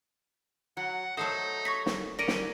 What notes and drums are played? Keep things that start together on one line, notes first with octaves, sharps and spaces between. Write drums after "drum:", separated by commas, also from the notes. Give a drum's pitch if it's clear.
F#3 F#5
F#3 A3 D#4 A4 C5 D#6
C#5 C#6 A#6 B6
drum: snare
C#4 A#4 D5 A#6 D7 D#7
drum: snare